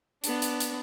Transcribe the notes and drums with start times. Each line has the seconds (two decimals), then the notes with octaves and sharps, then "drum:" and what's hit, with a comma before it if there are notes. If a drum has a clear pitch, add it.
0.24 B3 D4, drum: hi-hat
0.42 drum: hi-hat
0.60 drum: hi-hat